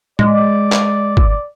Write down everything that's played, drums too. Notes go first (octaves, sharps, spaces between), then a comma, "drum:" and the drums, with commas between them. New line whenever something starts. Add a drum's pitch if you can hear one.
G#3 D5, drum: tom A2
drum: clap
drum: kick G1